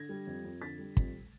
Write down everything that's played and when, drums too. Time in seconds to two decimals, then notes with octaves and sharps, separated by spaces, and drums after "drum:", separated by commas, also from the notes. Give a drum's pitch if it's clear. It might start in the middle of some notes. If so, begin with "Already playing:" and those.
Already playing: D3 G#6 A#6
0.09 G3
0.27 F2
0.44 F2
0.62 D3 A6 B6
0.79 G3
0.97 F2, drum: kick